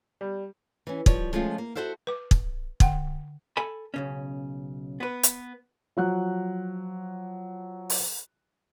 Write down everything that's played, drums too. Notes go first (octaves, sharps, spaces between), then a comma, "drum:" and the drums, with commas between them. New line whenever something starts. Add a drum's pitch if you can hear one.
G3
E3 C#4
F3 G3 C#5, drum: kick
F3 G#3 A3 C#4 F4
A#3
E4 F#4 A4 C5 E5 F5
B4 D6
drum: kick
D3 F#5 G5, drum: kick
A4 G#5 B5
B1 C#3 C#4
B3 B4
drum: hi-hat
F3 F#3 F#6
drum: open hi-hat